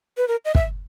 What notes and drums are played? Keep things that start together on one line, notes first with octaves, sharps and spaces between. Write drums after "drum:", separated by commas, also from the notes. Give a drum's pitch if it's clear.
B4
A#4
D#5
E5, drum: kick